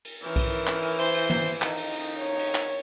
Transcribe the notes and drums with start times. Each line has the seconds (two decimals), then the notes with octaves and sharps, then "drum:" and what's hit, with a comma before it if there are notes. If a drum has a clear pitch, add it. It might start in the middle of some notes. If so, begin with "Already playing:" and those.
0.05 drum: cymbal
0.24 D#3 E3 C#4 A#4
0.36 drum: kick B1, cymbal
0.67 drum: clap
0.83 drum: cymbal
0.98 C5, drum: cymbal
1.14 drum: cymbal
1.30 drum: tom
1.45 drum: cymbal
1.62 F2 D#3 D#4, drum: clap
1.77 drum: cymbal
1.92 drum: cymbal
2.19 C#5
2.39 drum: cymbal
2.55 drum: clap